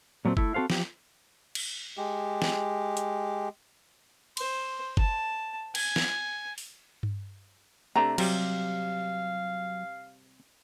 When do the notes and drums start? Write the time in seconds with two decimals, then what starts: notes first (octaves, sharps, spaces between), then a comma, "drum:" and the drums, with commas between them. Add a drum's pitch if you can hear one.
0.25 A#2 F#3 A3 A#3 C4
0.37 A3 E4, drum: kick F#1
0.54 C4 F#4 A4 C5 F5
0.70 F3 G4, drum: snare
1.55 drum: cymbal
1.97 G#3 G4
2.42 drum: snare
2.97 drum: hi-hat
4.37 C5, drum: cymbal
4.97 A5, drum: kick F#1
5.75 G#5, drum: cymbal
5.96 drum: snare
6.58 drum: open hi-hat
7.03 drum: tom G2
7.96 C3 A3 D4 A#5
8.18 C3 F#3 G3 F5, drum: cymbal